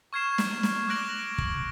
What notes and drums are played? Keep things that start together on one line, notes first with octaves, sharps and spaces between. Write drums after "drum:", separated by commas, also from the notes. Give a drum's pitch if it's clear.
C#6 F6 G#6 C7 E7
drum: snare
drum: snare
D6 F#6 A#6 D7 F#7
drum: kick